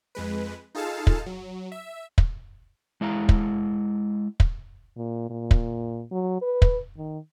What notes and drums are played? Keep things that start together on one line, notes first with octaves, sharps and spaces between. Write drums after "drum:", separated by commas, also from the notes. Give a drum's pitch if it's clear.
F2 G#3 B4
D#4 F4 G#4 A4 F5 A5
drum: kick
F#3
E5
drum: kick
G#3 E4 F5 A#5
drum: kick
drum: kick
A#2
A#2
drum: kick
F#3
B4
drum: kick
D#3